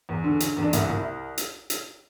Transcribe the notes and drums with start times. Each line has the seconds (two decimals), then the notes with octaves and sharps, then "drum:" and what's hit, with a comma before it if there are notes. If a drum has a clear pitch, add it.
0.09 E2
0.24 D3
0.40 D3, drum: hi-hat
0.56 E2
0.63 D4
0.73 C2 E4, drum: hi-hat
0.90 C2
0.98 E4
1.38 drum: hi-hat
1.70 drum: hi-hat